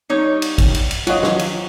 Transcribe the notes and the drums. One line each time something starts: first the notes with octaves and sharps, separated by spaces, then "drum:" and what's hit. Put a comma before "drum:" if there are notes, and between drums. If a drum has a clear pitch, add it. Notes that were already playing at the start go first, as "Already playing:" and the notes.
G3 D#4 C#5
drum: cymbal
drum: kick, cymbal
drum: cymbal
drum: cymbal
F#3 F4 D#5, drum: cymbal
drum: snare
drum: cymbal